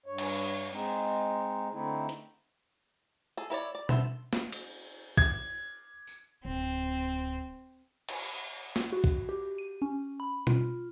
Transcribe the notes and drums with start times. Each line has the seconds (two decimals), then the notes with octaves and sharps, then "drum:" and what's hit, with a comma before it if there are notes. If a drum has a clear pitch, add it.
0.06 G2 C#5
0.18 drum: cymbal
0.72 G#3 C4 D#4
1.71 D3 A3 C4 D#4 E4
2.09 drum: hi-hat
3.37 G#4 A4
3.50 E4 B4 C#5 D5
3.75 D5
3.89 B3 A4 C5 E5, drum: tom B2
4.33 drum: snare
4.52 drum: cymbal
5.17 G#6, drum: kick
6.07 drum: tambourine
6.45 D1 C4
8.09 drum: cymbal
8.76 drum: snare
8.92 F#4
9.04 drum: kick
9.29 G4
9.58 D#7
9.82 C#4
10.20 B5
10.47 F4, drum: tom B2